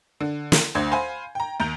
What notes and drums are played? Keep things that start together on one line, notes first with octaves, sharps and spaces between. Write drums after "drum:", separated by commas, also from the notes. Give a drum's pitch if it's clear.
D3
drum: snare
D2 D4 C5 G#6
C5 F5 G#5 B5
G5 A#5
D#2 A#5 G6 F7